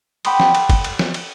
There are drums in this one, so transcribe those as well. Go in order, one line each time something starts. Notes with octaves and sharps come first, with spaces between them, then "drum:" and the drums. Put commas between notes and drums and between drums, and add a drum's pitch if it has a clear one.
F#5 G5 B5 C6 D6 D#6, drum: cymbal
drum: snare
drum: cymbal
drum: kick G1, cymbal
drum: cymbal
drum: snare
drum: cymbal